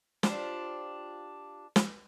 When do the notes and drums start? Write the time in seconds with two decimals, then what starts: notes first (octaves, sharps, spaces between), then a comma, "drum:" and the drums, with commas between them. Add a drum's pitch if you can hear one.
0.23 D4 F4 G4 C5, drum: snare
1.76 drum: snare